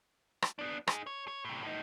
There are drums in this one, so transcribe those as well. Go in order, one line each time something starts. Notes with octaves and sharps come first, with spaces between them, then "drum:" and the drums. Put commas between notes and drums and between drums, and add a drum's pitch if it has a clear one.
drum: rim click
B3 D4
D#4 G#4, drum: rim click
C#5
C#5
A2 C3
A2 D#4